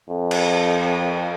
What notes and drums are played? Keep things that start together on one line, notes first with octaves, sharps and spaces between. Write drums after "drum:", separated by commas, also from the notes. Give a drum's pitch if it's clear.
F2
drum: cymbal